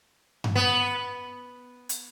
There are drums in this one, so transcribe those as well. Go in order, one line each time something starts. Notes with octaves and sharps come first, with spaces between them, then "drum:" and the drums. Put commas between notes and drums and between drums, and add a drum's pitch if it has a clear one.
drum: tom G2
B3
drum: hi-hat